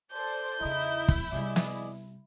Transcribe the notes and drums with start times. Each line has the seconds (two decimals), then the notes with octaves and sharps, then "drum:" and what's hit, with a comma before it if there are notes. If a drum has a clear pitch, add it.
0.13 A4 C5 D5 G6
0.61 E2 C#3 D#4 E4 D#5
1.08 drum: kick
1.32 C3 G3 G#4 D5 D#5
1.56 drum: snare